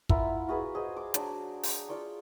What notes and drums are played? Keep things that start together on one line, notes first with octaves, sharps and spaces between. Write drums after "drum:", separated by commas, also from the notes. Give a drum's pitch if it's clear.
E4 F4 A#4 F#5, drum: kick
F4 F#4 G#4 B4
G#4 C5 D#5
D6
F#3 D4, drum: hi-hat
drum: open hi-hat
F4 D5 C6 C#6